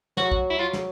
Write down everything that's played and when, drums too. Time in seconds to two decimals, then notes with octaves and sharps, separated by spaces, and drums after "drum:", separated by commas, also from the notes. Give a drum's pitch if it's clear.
0.17 F#3 F#4, drum: snare
0.32 drum: kick
0.50 E4
0.59 F#3 F4
0.73 drum: snare